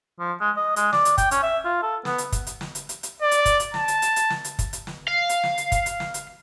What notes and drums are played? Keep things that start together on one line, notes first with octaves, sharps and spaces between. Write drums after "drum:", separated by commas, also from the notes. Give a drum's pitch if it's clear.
F3
G#3
D#5
G#3, drum: hi-hat
D5, drum: snare
drum: hi-hat
G5, drum: kick, hi-hat
C#4, drum: hi-hat
E5
F4
A4
B3, drum: snare
drum: hi-hat
drum: kick, hi-hat
drum: hi-hat
drum: snare
drum: hi-hat
drum: hi-hat
drum: hi-hat
D5
drum: hi-hat
drum: kick, hi-hat
drum: hi-hat
A5, drum: snare
drum: hi-hat
drum: hi-hat
drum: hi-hat
drum: snare
drum: hi-hat
drum: kick, hi-hat
drum: hi-hat
drum: snare
F5
drum: hi-hat
drum: snare
drum: hi-hat
drum: kick, hi-hat
drum: hi-hat
drum: snare
drum: hi-hat